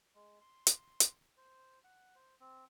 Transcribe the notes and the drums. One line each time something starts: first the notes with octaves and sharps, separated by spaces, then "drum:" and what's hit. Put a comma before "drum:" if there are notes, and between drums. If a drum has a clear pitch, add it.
G#3
C6
drum: hi-hat
drum: hi-hat
C5
F#5
C5
C4